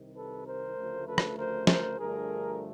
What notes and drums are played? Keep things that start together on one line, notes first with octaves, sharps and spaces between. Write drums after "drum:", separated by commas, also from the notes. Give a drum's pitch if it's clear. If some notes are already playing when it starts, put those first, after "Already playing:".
Already playing: C2 C3 D#3
A4 B4
A#4 C5
D2 C#3 F3 A3
A4 B4
drum: rim click
A#4 C5
A#4 C5, drum: snare
G2 D3 F3 A3 G#4 A#4